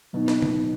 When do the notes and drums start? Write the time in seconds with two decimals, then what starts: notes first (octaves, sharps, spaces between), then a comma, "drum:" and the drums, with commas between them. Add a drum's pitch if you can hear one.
0.13 B2 F#3 B3 D#4
0.28 drum: snare
0.42 drum: tom C#3